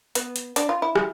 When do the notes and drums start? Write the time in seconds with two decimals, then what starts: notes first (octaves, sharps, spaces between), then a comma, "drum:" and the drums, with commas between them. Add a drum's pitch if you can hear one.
0.15 B3, drum: hi-hat
0.36 drum: hi-hat
0.56 D4, drum: hi-hat
0.69 F4
0.82 E4
0.95 drum: rim click